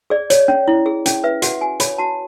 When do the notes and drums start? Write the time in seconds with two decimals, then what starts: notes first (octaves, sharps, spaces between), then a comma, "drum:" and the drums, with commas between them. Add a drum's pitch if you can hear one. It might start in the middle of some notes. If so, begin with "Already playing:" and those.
0.10 G#4 D5
0.30 C#5, drum: hi-hat
0.48 C#4
0.68 E4
0.86 G#4
1.06 C#4, drum: hi-hat
1.24 B4 E5
1.42 F#4 F#5, drum: hi-hat
1.61 F#4 G#5
1.80 C#5 B5, drum: hi-hat
1.98 F#4 A5